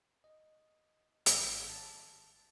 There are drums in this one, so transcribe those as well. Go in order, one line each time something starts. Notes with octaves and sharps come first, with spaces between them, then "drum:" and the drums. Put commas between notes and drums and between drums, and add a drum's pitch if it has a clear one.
D#5
G#1, drum: hi-hat
A5